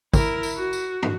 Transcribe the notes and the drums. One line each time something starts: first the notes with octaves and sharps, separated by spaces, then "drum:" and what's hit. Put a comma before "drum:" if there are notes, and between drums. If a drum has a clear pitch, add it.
E4 A#4, drum: kick, tambourine
drum: tambourine
F#4
drum: tambourine
drum: tom